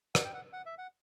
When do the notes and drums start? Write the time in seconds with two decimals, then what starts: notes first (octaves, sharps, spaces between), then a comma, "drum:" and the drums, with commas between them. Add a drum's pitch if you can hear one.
0.15 F#5, drum: rim click
0.25 G5
0.34 F#5
0.53 F#5
0.66 E5
0.78 F#5